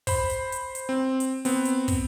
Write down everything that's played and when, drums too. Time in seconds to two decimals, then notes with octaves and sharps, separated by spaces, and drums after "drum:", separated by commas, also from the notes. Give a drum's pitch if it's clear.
0.07 C5 B5, drum: kick, open hi-hat
0.30 drum: hi-hat
0.52 drum: hi-hat
0.75 drum: hi-hat
0.89 C4
1.20 drum: hi-hat
1.45 B3 C4, drum: open hi-hat
1.65 drum: hi-hat
1.88 drum: kick, open hi-hat